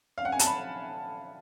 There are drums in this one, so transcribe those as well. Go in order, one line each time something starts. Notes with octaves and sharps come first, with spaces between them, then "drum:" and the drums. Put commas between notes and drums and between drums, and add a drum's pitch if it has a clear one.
F5
F#5
G#5
A5, drum: hi-hat
B5